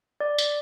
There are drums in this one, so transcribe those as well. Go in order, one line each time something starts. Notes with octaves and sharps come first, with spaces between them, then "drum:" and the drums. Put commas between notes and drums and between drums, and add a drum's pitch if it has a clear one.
D5
drum: tambourine